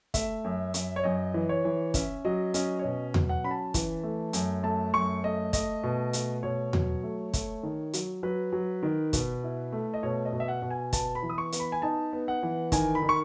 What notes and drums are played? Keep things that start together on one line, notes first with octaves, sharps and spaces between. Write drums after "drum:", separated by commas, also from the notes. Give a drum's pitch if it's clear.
A3 E5, drum: kick, hi-hat
F#2
F#2, drum: hi-hat
C#5
F#2 D#5
E3
C#5
E3
C#4 E5, drum: kick, hi-hat
F#3 D#5
C#4 D#5, drum: hi-hat
C#5
B2 D#5
F#3, drum: tom E2
F#5
C#4 B5
A5
E3, drum: kick, hi-hat
A3
F#2, drum: hi-hat
A3 A5
F#2 C#6
A3 D#5
A3 D#5, drum: kick, hi-hat
B2
A3, drum: hi-hat
B2 C#5
F#3, drum: tom E2
A3
A3, drum: kick, hi-hat
D#3
F#3, drum: hi-hat
F#3 B4
F#3
D#3
B2, drum: kick, hi-hat
E4
A3
D#5
B2 C#5
D#5
B2
E5
F#5
B2
G#5
B3 A5, drum: kick, hi-hat
B5
E3
D#6
C#6
B3, drum: hi-hat
B5
G#5
D#4 A5
B3
F#5
E3
D#3 G#5, drum: kick, hi-hat
B5
D#3
C#6